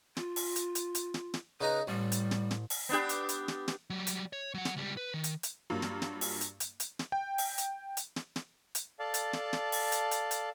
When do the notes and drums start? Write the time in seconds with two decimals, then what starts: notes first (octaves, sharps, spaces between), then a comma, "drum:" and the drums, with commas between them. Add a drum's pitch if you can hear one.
0.17 F4, drum: snare
0.36 drum: open hi-hat
0.56 drum: hi-hat
0.75 drum: hi-hat
0.95 drum: hi-hat
1.14 drum: snare
1.34 drum: snare
1.61 C#3 D#4 B4 A#5
1.88 A1 G3
2.12 drum: hi-hat
2.31 drum: snare
2.51 drum: snare
2.70 drum: open hi-hat
2.89 B3 D4 G4
3.09 drum: hi-hat
3.29 drum: hi-hat
3.48 drum: snare
3.68 drum: snare
3.90 F#3 G3
4.07 drum: hi-hat
4.33 C#5
4.54 F#3 F#5
4.65 drum: snare
4.77 C#2 G3
4.97 B4
5.14 D#3
5.24 drum: hi-hat
5.43 drum: hi-hat
5.70 G2 F#3 A#3 F4
5.82 drum: snare
6.02 drum: snare
6.21 drum: open hi-hat
6.41 drum: hi-hat
6.60 drum: hi-hat
6.80 drum: hi-hat
6.99 drum: snare
7.12 G5
7.38 drum: open hi-hat
7.58 drum: hi-hat
7.97 drum: hi-hat
8.16 drum: snare
8.36 drum: snare
8.75 drum: hi-hat
8.99 A4 D5 F5 A5
9.14 drum: hi-hat
9.33 drum: snare
9.53 drum: snare
9.72 drum: open hi-hat
9.92 drum: hi-hat
10.11 drum: hi-hat
10.31 drum: hi-hat